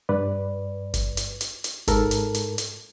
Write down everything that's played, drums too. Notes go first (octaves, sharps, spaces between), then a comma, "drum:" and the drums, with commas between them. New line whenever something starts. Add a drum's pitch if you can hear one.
G2 B4 D5
drum: kick G1, hi-hat
drum: hi-hat
drum: hi-hat
drum: hi-hat
G#2 A4 A#4, drum: kick G1, hi-hat
drum: hi-hat
drum: hi-hat
drum: hi-hat